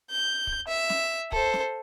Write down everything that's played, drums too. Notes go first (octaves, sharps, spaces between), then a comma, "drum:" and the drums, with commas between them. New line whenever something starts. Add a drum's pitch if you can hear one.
G6
drum: kick
E5
drum: snare
A4 C5, drum: kick
drum: snare